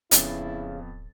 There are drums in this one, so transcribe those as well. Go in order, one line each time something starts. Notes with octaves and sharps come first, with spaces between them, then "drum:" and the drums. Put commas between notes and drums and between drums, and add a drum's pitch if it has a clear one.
D1 F2 C#3 B3 E4 A6, drum: hi-hat